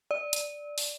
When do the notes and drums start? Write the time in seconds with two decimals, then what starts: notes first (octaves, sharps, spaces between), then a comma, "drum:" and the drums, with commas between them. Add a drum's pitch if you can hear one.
0.11 D5
0.33 drum: hi-hat
0.78 drum: open hi-hat